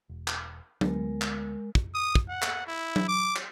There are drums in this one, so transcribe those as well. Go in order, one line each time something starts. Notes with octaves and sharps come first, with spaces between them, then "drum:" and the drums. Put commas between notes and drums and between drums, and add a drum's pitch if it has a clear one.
E1
drum: clap
D2 G#3 B3 A#4, drum: tom F#3
drum: clap
drum: kick
D#6
drum: kick
F#5
drum: clap
E4
drum: tom F#3
D6
drum: clap